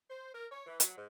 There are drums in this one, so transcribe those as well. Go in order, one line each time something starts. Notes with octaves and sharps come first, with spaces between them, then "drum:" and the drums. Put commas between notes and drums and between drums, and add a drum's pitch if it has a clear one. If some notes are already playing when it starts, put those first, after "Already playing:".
C5
A#4
C#5
E3
F#3, drum: hi-hat
G#2